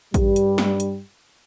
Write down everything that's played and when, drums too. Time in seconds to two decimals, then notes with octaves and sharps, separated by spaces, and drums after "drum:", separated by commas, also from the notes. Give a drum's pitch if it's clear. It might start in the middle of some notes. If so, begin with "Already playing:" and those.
0.14 G2 G3, drum: kick A1, hi-hat
0.36 drum: hi-hat
0.58 drum: snare
0.80 drum: hi-hat